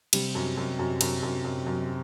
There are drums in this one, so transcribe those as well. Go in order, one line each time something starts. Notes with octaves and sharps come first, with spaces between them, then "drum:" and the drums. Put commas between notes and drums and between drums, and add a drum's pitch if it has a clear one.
C3 G3, drum: cymbal
F#2
F#2
F#2
F#2, drum: cymbal
F#2
F#2
F#2